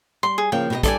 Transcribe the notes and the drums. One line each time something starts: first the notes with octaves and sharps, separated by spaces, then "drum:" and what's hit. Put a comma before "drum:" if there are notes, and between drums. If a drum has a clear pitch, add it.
G3 C6
G#4
C#3 F3 A#3 G5
B2 A#4 D#5
G2 G4 A4 D5 G#5, drum: kick, hi-hat